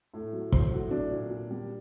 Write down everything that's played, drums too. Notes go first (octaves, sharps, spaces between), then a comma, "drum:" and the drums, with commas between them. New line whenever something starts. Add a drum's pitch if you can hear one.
A2
F#3
F#3 C5, drum: kick
A2 F#4
F#3 D4
A#2
A#2
G3